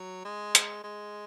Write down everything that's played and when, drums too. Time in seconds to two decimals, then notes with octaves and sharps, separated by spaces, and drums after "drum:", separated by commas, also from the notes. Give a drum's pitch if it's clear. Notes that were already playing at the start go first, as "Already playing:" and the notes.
Already playing: F#3
0.25 G#3
0.55 drum: hi-hat
0.84 G#3